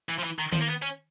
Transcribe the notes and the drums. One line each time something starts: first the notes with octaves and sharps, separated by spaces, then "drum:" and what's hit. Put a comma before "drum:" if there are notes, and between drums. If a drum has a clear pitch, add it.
E3
F3
E3
D#3
F3, drum: tom D#3
A#3
B3
C#4